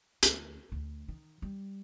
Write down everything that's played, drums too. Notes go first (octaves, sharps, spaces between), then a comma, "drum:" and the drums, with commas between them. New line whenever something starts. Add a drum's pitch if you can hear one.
D2, drum: hi-hat
D2
D#3
G3